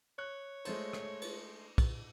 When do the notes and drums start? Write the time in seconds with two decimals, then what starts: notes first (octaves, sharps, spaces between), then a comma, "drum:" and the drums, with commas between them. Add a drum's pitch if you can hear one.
0.18 C#5 F#6
0.65 G#3 A3 C5, drum: cymbal
0.93 drum: rim click
1.22 drum: cymbal
1.78 drum: kick, cymbal